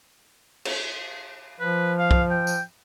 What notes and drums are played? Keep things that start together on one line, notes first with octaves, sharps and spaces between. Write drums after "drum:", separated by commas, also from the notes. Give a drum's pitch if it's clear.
drum: cymbal
F3 B4
F5
drum: kick
G5
drum: tambourine